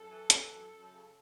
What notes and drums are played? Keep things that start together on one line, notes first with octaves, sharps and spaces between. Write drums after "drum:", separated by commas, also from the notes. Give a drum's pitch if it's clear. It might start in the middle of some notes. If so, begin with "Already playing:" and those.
Already playing: F#2 A4
E3
E3, drum: hi-hat
F#2
F#2
C#3